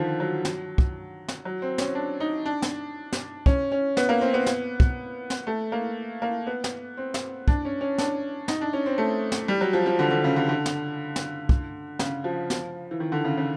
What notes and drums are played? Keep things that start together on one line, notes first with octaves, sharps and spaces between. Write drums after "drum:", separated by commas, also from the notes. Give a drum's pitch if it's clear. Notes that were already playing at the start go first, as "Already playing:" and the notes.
Already playing: D3 D#3 F3
F#3
drum: snare
drum: kick
drum: snare
F#3
C4
C#4, drum: snare
D4
D#4
D4
drum: snare
drum: snare
C#4, drum: kick
C#4
B3, drum: snare
A#3
C4
B3
drum: snare
drum: kick
drum: snare
A3
A#3
A#3
B3
drum: snare
C4
drum: snare
D4, drum: kick
C#4
C#4
D4, drum: snare
D#4, drum: snare
D4
C#4
C4
A3
drum: snare
G3
F#3
F3
F3
D3
D3
C#3
D3
D3
drum: snare
drum: snare
drum: kick
C#3, drum: snare
F3
F3, drum: snare
E3
D#3
D3
C#3
C#3